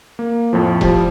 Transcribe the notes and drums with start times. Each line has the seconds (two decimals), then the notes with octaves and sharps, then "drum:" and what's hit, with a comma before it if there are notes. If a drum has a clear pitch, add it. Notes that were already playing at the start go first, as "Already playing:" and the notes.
0.19 A#3
0.53 F2 A2 F3
0.81 F3 G3, drum: kick E1